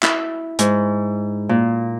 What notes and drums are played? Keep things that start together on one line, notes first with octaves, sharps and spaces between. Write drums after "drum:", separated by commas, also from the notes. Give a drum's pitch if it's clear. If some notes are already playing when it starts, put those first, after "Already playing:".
E4, drum: clap
G#2, drum: hi-hat
A#2